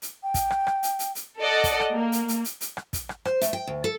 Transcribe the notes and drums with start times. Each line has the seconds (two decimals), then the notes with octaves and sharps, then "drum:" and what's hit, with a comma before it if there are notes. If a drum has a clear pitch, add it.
0.02 drum: hi-hat
0.23 G5
0.34 drum: kick, hi-hat
0.50 drum: rim click
0.67 drum: rim click
0.83 drum: hi-hat
0.99 drum: hi-hat
1.15 drum: hi-hat
1.39 A4 D5 D#5 F#5
1.64 drum: kick, hi-hat
1.80 drum: rim click
1.93 A#3
2.12 drum: hi-hat
2.28 drum: hi-hat
2.44 drum: hi-hat
2.61 drum: hi-hat
2.77 drum: rim click
2.93 drum: kick, hi-hat
3.09 drum: rim click
3.25 C5, drum: rim click
3.41 A3, drum: hi-hat
3.53 G5
3.67 D2
3.84 A4